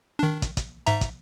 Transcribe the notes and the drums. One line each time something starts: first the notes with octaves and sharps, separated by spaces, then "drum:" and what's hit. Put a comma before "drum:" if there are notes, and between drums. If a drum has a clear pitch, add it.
D#3 D4
drum: kick, hi-hat
drum: kick, hi-hat
G#2 E5 A#5, drum: hi-hat
drum: kick, hi-hat